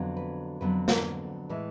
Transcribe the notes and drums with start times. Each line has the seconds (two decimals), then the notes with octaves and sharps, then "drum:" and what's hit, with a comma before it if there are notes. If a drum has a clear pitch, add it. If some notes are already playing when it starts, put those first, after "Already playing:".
Already playing: F2 D3 F#3 B3
0.17 B4
0.61 F2 D3 F#3 B3 B4
0.88 drum: snare
1.49 A2 E3 G#3